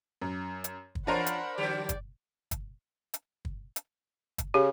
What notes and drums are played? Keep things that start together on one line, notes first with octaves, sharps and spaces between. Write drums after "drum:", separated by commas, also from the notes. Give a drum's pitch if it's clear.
F#2
drum: hi-hat
drum: kick
E2 D4 F4 A#4 C5 C#5 F#5 B5
drum: hi-hat
D3 F#3 G4 D5
drum: kick, hi-hat
drum: kick, hi-hat
drum: hi-hat
drum: kick
drum: hi-hat
drum: kick, hi-hat
C#3 G4